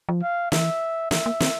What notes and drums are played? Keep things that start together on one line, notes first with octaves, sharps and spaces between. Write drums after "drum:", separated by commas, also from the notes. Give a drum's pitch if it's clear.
F3
F5
E3 E5, drum: snare
E3 E5, drum: snare
A#3
C4, drum: snare